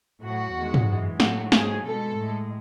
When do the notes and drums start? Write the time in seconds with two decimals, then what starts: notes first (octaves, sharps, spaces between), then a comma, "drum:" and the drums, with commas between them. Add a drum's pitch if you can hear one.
0.22 A2 F#3 F#4
0.55 E2 D#3 G#3
0.74 drum: tom
0.87 F#2 E3 G#3
1.20 A2 F#3 F#4, drum: snare
1.52 G#2 F#3 G#4, drum: snare
1.85 B2 G#3 A4
2.18 A2 G#3